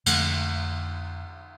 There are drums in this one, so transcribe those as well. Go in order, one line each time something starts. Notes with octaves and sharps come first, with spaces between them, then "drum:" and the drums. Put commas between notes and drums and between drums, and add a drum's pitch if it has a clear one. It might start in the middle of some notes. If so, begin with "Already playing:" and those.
F2 D3 A3, drum: cymbal